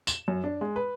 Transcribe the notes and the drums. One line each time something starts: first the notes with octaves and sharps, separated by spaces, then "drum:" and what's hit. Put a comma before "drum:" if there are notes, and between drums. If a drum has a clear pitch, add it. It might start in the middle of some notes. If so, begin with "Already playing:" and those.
E7, drum: tambourine
F#2
D4
G#3
B4